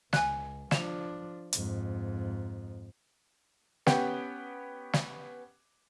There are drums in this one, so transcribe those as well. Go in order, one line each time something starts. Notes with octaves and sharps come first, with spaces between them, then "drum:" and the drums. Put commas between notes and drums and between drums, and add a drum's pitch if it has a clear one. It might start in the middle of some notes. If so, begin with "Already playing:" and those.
C#2 G#5 F#6, drum: snare
F3 D4 E7 F7, drum: snare
F2 G#2, drum: hi-hat
B3 C#4 G4 F#5 G5, drum: snare
drum: snare